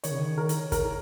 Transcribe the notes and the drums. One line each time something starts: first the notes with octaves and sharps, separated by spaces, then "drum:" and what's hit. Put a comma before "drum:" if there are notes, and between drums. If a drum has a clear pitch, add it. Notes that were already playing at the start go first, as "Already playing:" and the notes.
D#3 C#5, drum: hi-hat
C#3
D#3
A#4
drum: hi-hat
A#4, drum: kick, hi-hat